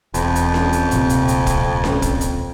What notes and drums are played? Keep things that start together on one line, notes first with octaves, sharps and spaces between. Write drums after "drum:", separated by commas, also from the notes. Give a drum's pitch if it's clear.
E1 F2, drum: hi-hat
drum: hi-hat
drum: snare C#4
drum: hi-hat
D1 A#1 C3, drum: hi-hat
drum: hi-hat
drum: hi-hat
drum: kick, hi-hat
drum: snare C#4
drum: kick, hi-hat
drum: hi-hat